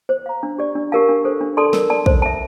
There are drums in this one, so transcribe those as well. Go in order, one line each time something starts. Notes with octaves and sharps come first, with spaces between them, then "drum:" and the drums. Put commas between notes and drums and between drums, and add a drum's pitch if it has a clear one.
C5
F5 A#5
D4
G4 D5
D4
G4 A#4 F5 A5
D4
A4 C5
D4
A4 D5 A5 C6
A#4, drum: snare
D5 A5
C5, drum: kick
E5 A5